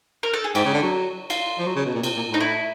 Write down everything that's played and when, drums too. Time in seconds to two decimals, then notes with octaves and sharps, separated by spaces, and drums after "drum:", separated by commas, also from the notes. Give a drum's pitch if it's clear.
0.23 A#4
0.34 A4
0.44 G#4
0.55 G#2 G4, drum: cymbal
0.65 C#3
0.74 D3
0.83 F#3
1.30 F4, drum: cymbal
1.59 F3
1.67 F#3
1.76 C#3
1.86 B2
1.94 A#2
2.03 C3, drum: cymbal
2.16 A#2
2.29 A2 D#4
2.40 E4